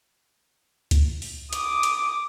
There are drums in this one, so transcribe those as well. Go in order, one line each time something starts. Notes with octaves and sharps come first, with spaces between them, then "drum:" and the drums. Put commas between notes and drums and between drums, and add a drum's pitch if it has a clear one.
drum: kick C#2, hi-hat
drum: open hi-hat
D6 D#6, drum: hi-hat
drum: hi-hat